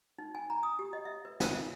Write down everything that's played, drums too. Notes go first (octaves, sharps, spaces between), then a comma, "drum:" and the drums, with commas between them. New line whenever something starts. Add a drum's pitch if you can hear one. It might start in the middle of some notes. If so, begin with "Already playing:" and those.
D#4
G#5
A#5
D#6
G4
D#5
E5
B4
F4, drum: snare
E5